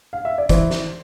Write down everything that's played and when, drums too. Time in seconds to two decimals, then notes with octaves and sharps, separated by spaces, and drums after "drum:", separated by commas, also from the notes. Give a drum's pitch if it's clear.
0.13 F5
0.25 E5
0.38 D5
0.49 E3 C5, drum: kick, hi-hat
0.71 drum: snare